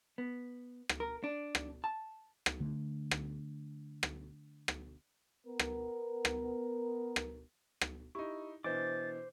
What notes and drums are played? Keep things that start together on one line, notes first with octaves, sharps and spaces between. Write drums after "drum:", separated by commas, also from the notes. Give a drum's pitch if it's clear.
B3
drum: rim click
A#4
D4
drum: rim click
A5
drum: rim click
D3 A3
drum: rim click
drum: rim click
drum: rim click
B3 A#4
drum: rim click
drum: rim click
drum: rim click
drum: rim click
D#4 E4 G4 C#6
B2 E3 D4 B4 C5 D#5 D6 A6